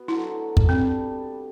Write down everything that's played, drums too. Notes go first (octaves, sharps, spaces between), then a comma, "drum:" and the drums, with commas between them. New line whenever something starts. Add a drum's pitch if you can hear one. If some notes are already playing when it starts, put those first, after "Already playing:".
Already playing: B3 F#4
D3 F#3 A3 E4
drum: kick
G3 C4 D4 A4